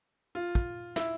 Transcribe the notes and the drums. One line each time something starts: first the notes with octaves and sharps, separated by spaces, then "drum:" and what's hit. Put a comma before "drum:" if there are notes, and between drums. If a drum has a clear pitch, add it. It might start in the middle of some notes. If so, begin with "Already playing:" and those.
F4
drum: kick
E4, drum: snare